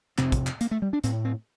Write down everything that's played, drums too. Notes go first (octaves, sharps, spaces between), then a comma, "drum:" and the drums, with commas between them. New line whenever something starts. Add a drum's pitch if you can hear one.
F2 C3 C4, drum: clap
drum: kick, hi-hat
drum: clap
A#3, drum: hi-hat
A3
G3
D4
A2 C4, drum: hi-hat
C4